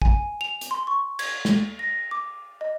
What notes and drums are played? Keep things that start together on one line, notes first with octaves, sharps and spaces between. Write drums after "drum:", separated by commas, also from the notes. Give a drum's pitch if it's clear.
G#5, drum: kick
F7
drum: hi-hat
C6
C#6
G#6, drum: cymbal
drum: snare
A#6
D6
D#5